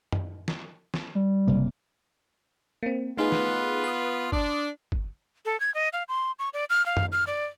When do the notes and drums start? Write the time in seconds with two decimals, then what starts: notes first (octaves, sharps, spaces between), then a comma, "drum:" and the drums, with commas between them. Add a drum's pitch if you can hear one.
0.12 drum: tom F#2
0.48 drum: snare
0.94 drum: snare
1.15 G3
1.48 F#1 C3 A#3
2.83 A#3 C4
3.17 A3 B3 D#4 F4 G#4 B4
3.32 drum: snare
3.84 C6 D#6
4.32 D4, drum: kick
4.92 drum: kick
5.45 A4
5.60 G#6
5.74 D#5
5.93 F5
6.09 C6
6.39 C#6
6.54 D5
6.70 F6
6.86 F5
6.97 drum: tom F#2
7.12 F6
7.27 D5